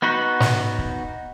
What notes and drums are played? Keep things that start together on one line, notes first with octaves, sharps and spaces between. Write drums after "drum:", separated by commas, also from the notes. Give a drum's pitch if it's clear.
B3 D#4 F#4 B4
drum: snare
drum: kick